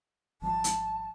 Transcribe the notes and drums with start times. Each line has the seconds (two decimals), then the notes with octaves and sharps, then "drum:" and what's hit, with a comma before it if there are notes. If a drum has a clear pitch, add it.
0.42 G#1 F3 G3 A5
0.64 drum: hi-hat